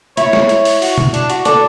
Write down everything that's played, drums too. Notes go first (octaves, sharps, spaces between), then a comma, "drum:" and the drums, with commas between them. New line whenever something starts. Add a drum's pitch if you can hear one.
E4 C#5, drum: hi-hat
drum: snare
drum: hi-hat
drum: open hi-hat
F#4, drum: open hi-hat
drum: tom B2
D4, drum: hi-hat
F#4, drum: hi-hat
D4 A4, drum: hi-hat